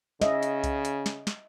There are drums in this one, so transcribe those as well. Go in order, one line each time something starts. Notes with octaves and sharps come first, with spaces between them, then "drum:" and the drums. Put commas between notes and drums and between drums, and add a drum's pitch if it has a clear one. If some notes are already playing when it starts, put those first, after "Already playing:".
C#3 D#5 E5, drum: snare
drum: hi-hat
drum: kick C2, hi-hat
drum: hi-hat
drum: snare
drum: snare